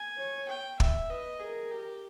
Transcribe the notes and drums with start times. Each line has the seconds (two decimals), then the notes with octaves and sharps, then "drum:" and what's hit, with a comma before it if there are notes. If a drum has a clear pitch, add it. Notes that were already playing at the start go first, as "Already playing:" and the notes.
Already playing: G#5
0.18 C#5
0.49 G5
0.80 E5, drum: kick
1.10 B4 D#5
1.40 G#4 A#4
1.71 G4